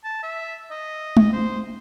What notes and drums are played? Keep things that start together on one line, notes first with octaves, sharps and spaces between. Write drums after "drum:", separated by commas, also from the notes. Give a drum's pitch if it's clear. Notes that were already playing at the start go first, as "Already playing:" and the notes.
A5
E5
D#5
drum: tom
C5